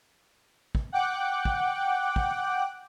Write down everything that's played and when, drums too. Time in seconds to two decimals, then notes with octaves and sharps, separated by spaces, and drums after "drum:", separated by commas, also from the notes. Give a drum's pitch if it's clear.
0.75 drum: kick
0.92 F#5 G5 D6 F#6
1.45 drum: kick
2.16 drum: kick